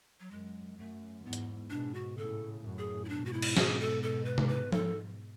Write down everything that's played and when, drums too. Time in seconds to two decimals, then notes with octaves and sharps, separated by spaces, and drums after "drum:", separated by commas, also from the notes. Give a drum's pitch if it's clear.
0.20 F#3
0.31 F#2 G#3
0.78 F#2 A3
1.24 E2 G#2 B3
1.33 drum: hi-hat
1.70 G#2 B2 D4
1.94 F#4
2.16 A2 C#3 A4
2.63 F#2 A2
2.79 G#4
3.05 E4
3.09 G#2 B2 D4
3.26 F#4
3.33 E4
3.42 drum: cymbal
3.57 G#4, drum: snare
3.80 A4
4.03 A4
4.25 B4
4.38 drum: tom C3
4.48 B4
4.72 A4, drum: tom F3